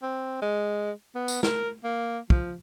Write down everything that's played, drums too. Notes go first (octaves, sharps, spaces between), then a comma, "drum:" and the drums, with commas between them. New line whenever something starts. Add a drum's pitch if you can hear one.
C4
G#3
B3
drum: tambourine
A#4, drum: snare
A#3
F3, drum: kick